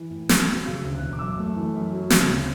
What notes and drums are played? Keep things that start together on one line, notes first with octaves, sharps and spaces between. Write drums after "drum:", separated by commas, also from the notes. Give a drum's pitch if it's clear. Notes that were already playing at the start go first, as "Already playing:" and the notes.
Already playing: E3
A2
A1, drum: snare
F#3 E6
C#3
E6
D2
F#6
E1
D6
F#2 E6
A3
E3
F#2
F#3
C#3, drum: snare
D2